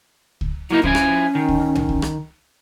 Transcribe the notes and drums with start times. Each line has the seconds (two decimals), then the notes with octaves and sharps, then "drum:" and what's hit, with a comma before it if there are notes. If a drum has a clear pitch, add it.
0.41 drum: kick C#2
0.71 F#3 A#3 D#4 E4
0.84 F3 C#4 E4 G#5, drum: kick C#2
0.95 drum: rim click
1.35 D#3
1.48 drum: kick C#2
1.75 drum: tom B1
1.89 drum: kick C#2
2.02 drum: rim click